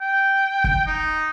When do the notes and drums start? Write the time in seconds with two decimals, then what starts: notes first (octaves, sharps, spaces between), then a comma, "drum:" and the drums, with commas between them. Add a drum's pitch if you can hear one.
0.01 G5
0.64 drum: kick
0.86 D#4